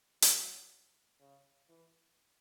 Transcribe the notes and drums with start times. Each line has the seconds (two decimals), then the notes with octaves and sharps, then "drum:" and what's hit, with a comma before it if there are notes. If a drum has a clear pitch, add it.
0.22 F#3, drum: hi-hat
1.21 C#3
1.69 E3